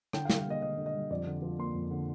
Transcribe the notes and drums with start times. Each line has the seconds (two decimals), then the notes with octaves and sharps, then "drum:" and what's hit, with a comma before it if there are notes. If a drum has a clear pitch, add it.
0.13 D3 G5, drum: rim click
0.25 F5
0.29 G3, drum: snare
0.38 F5
0.46 A#3 D#5
0.62 D3 D#5
0.78 D3
0.86 D#5
0.95 G3
1.10 F2 D5
1.26 D3
1.42 F3
1.58 A#3 C6
1.74 F2
1.91 D3